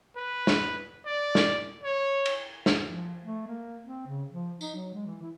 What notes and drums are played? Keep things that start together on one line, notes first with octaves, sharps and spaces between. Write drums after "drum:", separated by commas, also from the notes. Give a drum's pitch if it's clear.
B4
drum: snare
D5
drum: snare
C#5
drum: cymbal
drum: snare
F3
A3
A#3
C4
C#3
F3
D#4, drum: tambourine
F#3
G#3
E3
E4